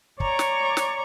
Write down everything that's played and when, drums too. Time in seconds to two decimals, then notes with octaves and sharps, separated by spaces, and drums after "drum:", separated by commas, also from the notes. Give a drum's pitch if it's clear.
0.20 C#5 D5 A#5 C#6, drum: kick
0.39 drum: snare
0.77 drum: snare